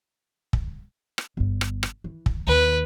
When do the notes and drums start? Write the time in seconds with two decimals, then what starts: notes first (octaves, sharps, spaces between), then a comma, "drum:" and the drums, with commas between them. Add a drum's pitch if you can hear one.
0.53 drum: kick
1.18 drum: rim click
1.37 G1 G2
1.61 drum: rim click
1.83 drum: rim click
2.04 E3
2.26 drum: kick
2.47 D#2 D#3 B4